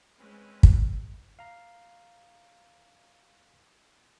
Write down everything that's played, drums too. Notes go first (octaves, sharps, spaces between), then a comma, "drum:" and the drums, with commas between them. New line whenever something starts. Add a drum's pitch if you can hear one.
G#3 C4 C#4 B4
drum: kick
F5 A#5